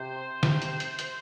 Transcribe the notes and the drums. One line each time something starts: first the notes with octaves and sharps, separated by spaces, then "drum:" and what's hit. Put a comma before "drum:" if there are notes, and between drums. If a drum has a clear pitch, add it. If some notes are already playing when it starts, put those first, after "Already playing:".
Already playing: C3 C5
C3, drum: snare D3
drum: hi-hat
drum: hi-hat
drum: hi-hat